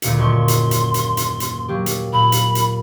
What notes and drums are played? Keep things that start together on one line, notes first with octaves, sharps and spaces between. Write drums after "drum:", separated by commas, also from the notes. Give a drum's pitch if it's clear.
D2 A#2 C#7, drum: hi-hat
D#1 F#2 C6 C#6
drum: hi-hat
drum: hi-hat
drum: hi-hat
drum: hi-hat
drum: hi-hat
F#3 A#3 G4
drum: hi-hat
A#2 B5
drum: hi-hat
drum: hi-hat